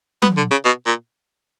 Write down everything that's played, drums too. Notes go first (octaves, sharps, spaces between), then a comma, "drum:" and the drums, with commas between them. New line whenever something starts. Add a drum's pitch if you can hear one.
B3, drum: tom F#3
D3
C#3
B2
A#2